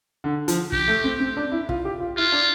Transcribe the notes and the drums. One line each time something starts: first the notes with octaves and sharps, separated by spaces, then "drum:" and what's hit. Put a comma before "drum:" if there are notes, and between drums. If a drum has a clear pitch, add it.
D3
F3, drum: hi-hat
G4, drum: kick
A3
C4
C4
D4
E4
F4, drum: kick
G4
F4
E4 F4
D4